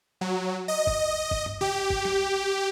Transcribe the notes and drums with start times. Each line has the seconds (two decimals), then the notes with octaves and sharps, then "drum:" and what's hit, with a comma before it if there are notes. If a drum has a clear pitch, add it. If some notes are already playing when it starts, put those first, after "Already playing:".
0.21 F#3
0.68 D#5
0.87 drum: kick
1.31 drum: kick
1.46 drum: tom
1.61 G4, drum: tom C#3
1.90 drum: kick
2.05 drum: snare